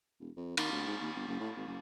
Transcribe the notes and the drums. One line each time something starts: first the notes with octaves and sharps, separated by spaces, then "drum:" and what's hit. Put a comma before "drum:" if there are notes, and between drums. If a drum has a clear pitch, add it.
E1
F2
D#3, drum: cymbal
D2
G#2
D#2
G1
F#1
A2
G#1
F#1